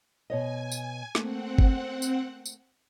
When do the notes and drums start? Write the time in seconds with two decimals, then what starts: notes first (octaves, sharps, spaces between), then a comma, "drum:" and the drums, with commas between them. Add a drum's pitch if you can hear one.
0.30 B2 C#5 D#5 G#5
0.71 drum: tambourine
1.15 A3 A#3 C4 F#5, drum: snare
1.58 drum: kick G1
2.02 drum: tambourine
2.46 drum: tambourine